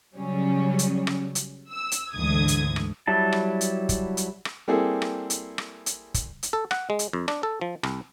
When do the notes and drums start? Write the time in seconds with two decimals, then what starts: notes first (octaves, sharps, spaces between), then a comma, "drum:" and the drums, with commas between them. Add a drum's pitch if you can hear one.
0.16 C#3 F#3 G3 C#4
0.79 drum: hi-hat
1.07 drum: rim click
1.35 drum: hi-hat
1.70 E6
1.92 drum: hi-hat
2.13 D2 G#2 D3 E3 D#6 G#6
2.48 drum: hi-hat
2.76 drum: rim click
3.07 F#3 G3 E4 A5
3.32 drum: rim click
3.61 drum: hi-hat
3.89 drum: kick, hi-hat
4.17 drum: hi-hat
4.45 drum: rim click
4.68 G3 A#3 C4 E4 G#4 A4
5.02 drum: rim click
5.30 drum: hi-hat
5.58 drum: rim click
5.86 drum: hi-hat
6.14 drum: kick, hi-hat
6.43 drum: hi-hat
6.53 A4
6.71 F#5, drum: rim click
6.90 G#3
6.99 drum: hi-hat
7.13 F2
7.28 D4, drum: rim click
7.43 A4
7.61 F3
7.83 C2, drum: rim click